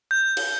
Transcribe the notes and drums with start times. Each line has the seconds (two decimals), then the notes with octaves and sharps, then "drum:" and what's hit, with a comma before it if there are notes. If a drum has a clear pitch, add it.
0.11 G6
0.37 drum: cymbal